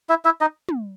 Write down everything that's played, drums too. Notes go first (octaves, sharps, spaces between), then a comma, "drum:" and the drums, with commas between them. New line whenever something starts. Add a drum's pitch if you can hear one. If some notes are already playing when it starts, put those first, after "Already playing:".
E4 E5
E4 E5
D#4 D#5
drum: tom